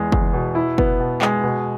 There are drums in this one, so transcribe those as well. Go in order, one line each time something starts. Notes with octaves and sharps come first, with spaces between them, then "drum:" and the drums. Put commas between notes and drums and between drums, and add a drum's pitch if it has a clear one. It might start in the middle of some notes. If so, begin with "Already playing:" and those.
Already playing: E2 G#3
E2, drum: kick
B2
E4
B3, drum: kick
B2
G#3, drum: clap
B2